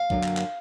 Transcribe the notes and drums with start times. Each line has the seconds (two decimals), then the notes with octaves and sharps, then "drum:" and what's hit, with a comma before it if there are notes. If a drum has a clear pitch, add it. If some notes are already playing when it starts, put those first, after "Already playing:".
Already playing: F5
0.10 F#2 D3 F#3 A#3, drum: kick
0.24 drum: clap
0.37 drum: clap